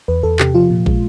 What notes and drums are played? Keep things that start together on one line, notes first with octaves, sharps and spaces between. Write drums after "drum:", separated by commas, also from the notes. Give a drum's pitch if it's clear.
E2 B4
E2 A4
C3 G4, drum: clap
F3 F4
A#2
G#3, drum: kick